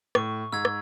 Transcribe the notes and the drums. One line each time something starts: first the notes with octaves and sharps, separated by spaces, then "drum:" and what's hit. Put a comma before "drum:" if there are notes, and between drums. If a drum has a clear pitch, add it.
A2 C#6, drum: rim click
G#2 E6 G#6
drum: rim click